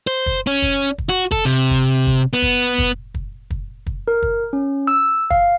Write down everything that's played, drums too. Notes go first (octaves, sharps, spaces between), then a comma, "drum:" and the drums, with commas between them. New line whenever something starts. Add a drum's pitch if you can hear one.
C5
drum: kick
C#4
drum: kick
drum: kick
F#4
A4, drum: kick
C3
drum: kick
drum: kick
B3
drum: kick
drum: kick
drum: kick
drum: kick
drum: kick
A#4
drum: kick
C#4
E6
F5, drum: kick